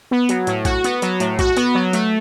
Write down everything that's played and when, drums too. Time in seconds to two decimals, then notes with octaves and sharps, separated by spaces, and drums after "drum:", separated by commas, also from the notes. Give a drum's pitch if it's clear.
0.11 B3
0.29 F#3, drum: hi-hat
0.47 A2, drum: hi-hat
0.65 F#4, drum: kick, hi-hat
0.84 B3, drum: hi-hat
1.02 F#3, drum: hi-hat
1.20 A2, drum: hi-hat
1.39 F#4, drum: kick, hi-hat
1.57 B3, drum: hi-hat
1.75 F#3
1.93 A3, drum: hi-hat